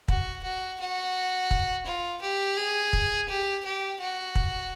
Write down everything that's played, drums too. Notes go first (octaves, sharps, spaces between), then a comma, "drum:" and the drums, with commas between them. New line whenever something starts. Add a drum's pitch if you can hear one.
F#4, drum: kick
F#4
F#4
drum: kick
F4
G4
G#4
drum: kick
G4
G4
F#4
drum: kick